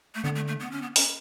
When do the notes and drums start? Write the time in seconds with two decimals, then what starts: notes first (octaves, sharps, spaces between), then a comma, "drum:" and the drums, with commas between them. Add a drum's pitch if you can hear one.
0.15 A3
0.24 D3 B3
0.35 A3
0.48 A3
0.60 B3
0.71 C#4
0.82 B3
0.96 C#4, drum: open hi-hat